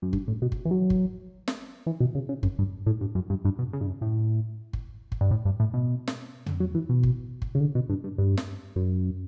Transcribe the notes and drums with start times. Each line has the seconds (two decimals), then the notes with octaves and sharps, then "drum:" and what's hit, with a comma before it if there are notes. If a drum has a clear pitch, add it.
0.02 F#2
0.13 G2, drum: kick G1
0.28 A2
0.42 B2
0.52 drum: kick G1
0.65 E3
0.71 F#3
0.90 drum: kick G1
1.48 drum: snare
1.86 E3
2.00 B2
2.15 C#3
2.29 C#3
2.43 F#2, drum: kick G1
2.58 G2
2.86 A2
3.01 G2
3.15 F#2
3.30 G2
3.45 G2
3.59 B2
3.73 C#3
3.81 G2
3.87 F#2
4.01 A2
4.73 drum: kick G1
5.12 drum: kick G1
5.21 G2
5.31 A2
5.45 G2
5.60 A2
5.74 B2
6.08 drum: snare
6.46 D3, drum: tom
6.60 F#3
6.74 E3
6.89 B2
7.03 drum: kick G1
7.42 drum: kick G1
7.55 C#3
7.60 D3
7.75 B2
7.90 G2
8.04 G2
8.18 G2
8.37 drum: snare
8.76 F#2